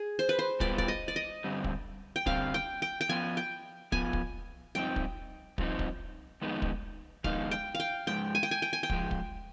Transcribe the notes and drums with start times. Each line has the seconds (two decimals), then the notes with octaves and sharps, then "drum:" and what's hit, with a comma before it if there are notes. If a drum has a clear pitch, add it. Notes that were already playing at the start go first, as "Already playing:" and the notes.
Already playing: G#4
0.19 C5
0.29 B4
0.39 C5
0.60 G3 B3 F4 B4 D5, drum: kick
0.78 D5, drum: kick
0.88 D#5
1.08 D5
1.16 D#5
1.44 G2 D3 G3 C4
1.64 drum: kick
2.16 G5
2.26 G2 D3 G3 C4 F5, drum: kick
2.54 G5
2.82 G5
3.01 G5
3.09 F3 B3 F4 G#5
3.37 G5
3.92 F3 B3 F4 G#5, drum: kick
4.13 drum: kick
4.75 G2 F3 C4 D#4 G5
4.96 drum: kick
5.58 G2 F3 C4 D#4, drum: kick
5.79 drum: kick
6.41 F2 D#3 G#3 B3 D#4
6.62 drum: kick
7.24 F2 D#3 G#3 B3 D#4 F5, drum: kick
7.51 G5
7.75 F5
7.80 G5
8.07 G#2 F3 G#3 G5
8.35 G#5
8.43 G5
8.51 G#5
8.62 G5
8.73 G#5
8.83 G5
8.90 G#2 F3 G#3, drum: kick
9.11 drum: kick